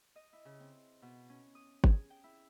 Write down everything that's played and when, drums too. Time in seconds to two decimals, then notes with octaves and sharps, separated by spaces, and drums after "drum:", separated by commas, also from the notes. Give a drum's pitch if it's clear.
0.16 D#5
0.33 E4
0.45 C#3
0.60 C4
1.02 B2
1.30 C#4
1.55 D#6
1.84 G#4, drum: kick G1
2.10 G5
2.24 E4